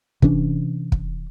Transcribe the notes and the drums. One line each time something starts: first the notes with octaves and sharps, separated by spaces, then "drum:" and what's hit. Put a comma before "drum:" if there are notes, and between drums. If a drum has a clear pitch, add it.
C3 E3 C#4 D4, drum: kick
drum: kick